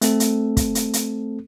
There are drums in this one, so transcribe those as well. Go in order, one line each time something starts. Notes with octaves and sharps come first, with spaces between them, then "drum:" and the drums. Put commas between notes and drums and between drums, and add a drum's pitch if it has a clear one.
A3 C4 A4, drum: hi-hat
drum: hi-hat
drum: kick, hi-hat
drum: hi-hat
drum: hi-hat